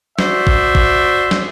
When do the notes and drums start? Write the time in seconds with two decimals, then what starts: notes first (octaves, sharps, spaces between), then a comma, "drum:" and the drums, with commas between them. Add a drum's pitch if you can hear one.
0.19 F#4 C5 D5 E5, drum: snare
0.47 drum: kick
0.75 drum: kick
1.31 drum: snare